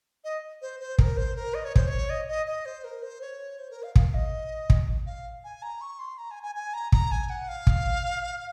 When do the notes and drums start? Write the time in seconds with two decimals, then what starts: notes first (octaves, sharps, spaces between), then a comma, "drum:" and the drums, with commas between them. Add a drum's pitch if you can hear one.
0.24 D#5
0.62 C5
0.80 C5
0.99 A#4, drum: kick
1.17 C5
1.36 A#4
1.54 D#5
1.65 C#5
1.76 C5, drum: kick
1.87 C#5
2.10 D#5
2.28 D#5
2.47 D#5
2.66 C5
2.84 A#4
3.02 C5
3.21 C#5
3.59 C5
3.71 A#4
3.83 F5
3.96 F5, drum: kick
4.14 D#5
4.70 drum: kick
5.07 F5
5.44 G#5
5.63 A#5
5.81 C#6
5.99 C6
6.18 A#5
6.31 G#5
6.43 G#5
6.55 G#5
6.74 A#5
6.92 A#5, drum: kick
7.11 G#5
7.30 F#5
7.48 F5
7.67 drum: kick